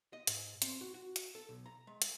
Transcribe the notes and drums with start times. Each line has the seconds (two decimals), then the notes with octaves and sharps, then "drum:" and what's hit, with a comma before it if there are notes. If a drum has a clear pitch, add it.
0.13 D#5
0.27 G#2, drum: hi-hat
0.62 C4, drum: hi-hat
0.81 F#4
0.94 F#4
1.16 drum: hi-hat
1.35 A4
1.49 B1
1.66 A#5
1.87 G#3
2.02 drum: hi-hat